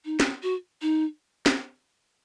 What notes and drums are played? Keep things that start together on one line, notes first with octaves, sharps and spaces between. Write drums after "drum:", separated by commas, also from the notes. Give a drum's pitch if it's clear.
D#4
drum: snare
F#4
D#4
drum: snare